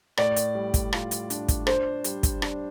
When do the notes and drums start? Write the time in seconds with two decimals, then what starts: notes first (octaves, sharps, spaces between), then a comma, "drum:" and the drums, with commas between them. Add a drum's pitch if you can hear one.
0.17 A2 D5, drum: rim click
0.36 drum: hi-hat
0.55 G3
0.74 drum: kick, hi-hat
0.93 F4, drum: rim click
1.11 drum: hi-hat
1.30 D4, drum: hi-hat
1.49 drum: kick, hi-hat
1.67 D4 C5, drum: rim click
2.04 G3, drum: hi-hat
2.23 drum: kick, hi-hat
2.42 D4, drum: rim click